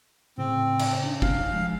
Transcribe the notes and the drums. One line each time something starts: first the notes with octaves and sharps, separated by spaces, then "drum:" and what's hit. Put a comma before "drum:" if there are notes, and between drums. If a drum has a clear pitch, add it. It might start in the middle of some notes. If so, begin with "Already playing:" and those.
A2 C#3 C4
drum: cymbal
C#4 D4
F5, drum: kick
F3 G#3